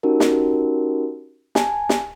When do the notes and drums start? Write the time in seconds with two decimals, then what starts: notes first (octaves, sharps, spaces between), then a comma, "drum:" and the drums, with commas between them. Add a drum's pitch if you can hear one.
0.03 C#4 D#4 F#4 G4 A#4
0.20 drum: snare
1.55 G#5 A5, drum: snare
1.89 drum: snare